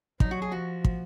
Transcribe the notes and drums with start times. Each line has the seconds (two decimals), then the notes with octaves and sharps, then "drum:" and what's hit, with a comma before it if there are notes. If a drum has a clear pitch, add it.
0.20 F#3 D#4, drum: kick
0.31 F#4
0.42 G#4
0.52 F3 F#4
0.84 drum: kick